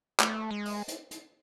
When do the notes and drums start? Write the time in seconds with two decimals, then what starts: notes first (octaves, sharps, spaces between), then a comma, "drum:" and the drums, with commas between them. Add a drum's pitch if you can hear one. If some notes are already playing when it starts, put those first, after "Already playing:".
0.20 A3, drum: clap
0.51 G#3
0.65 drum: open hi-hat
0.88 drum: hi-hat
1.11 drum: hi-hat